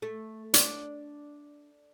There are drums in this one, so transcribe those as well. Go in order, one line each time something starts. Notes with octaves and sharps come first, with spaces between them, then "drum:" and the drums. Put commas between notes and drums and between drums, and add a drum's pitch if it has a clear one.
A3
D4, drum: hi-hat